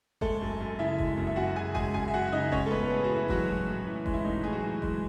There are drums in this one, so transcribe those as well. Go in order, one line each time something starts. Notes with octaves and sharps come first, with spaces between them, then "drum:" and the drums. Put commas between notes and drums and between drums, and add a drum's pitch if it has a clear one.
G#3 A3 A4, drum: kick F#1
F#2
F#2
C#3 E4 E5
G#3, drum: kick F#1
F#2
E5
F#2 F#4 F#5
C#3 G#4 G#5
G#3 G#4 G#5, drum: kick F#1
F#2 G#4 G#5
E5
F#2 F#4 F#5
E5
C#3 D#4 D#5
G#3 C#4 C#5, drum: kick F#1
A4
A2 B3 B4
A2 G#4
F#4
E3
E4
F#3 G#3 F#4, drum: kick F#1
A2
A2
E3
G#3, drum: kick F#1
E4
A2 D#4
A2 G#4
F#3 F#4
E3
G#3, drum: kick F#1